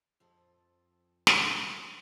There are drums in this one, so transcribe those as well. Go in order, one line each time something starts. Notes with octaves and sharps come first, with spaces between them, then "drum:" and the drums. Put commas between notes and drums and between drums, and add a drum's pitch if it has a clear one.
F2 F3 A4
drum: snare